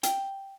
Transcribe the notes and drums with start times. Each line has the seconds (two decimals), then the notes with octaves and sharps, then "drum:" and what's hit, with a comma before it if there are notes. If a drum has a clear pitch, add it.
0.03 G5, drum: hi-hat